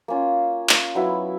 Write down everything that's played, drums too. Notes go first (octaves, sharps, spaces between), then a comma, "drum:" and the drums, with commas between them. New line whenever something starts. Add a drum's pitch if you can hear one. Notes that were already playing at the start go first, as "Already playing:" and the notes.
A#3 C#4 F4
drum: clap
F#3 B3 E4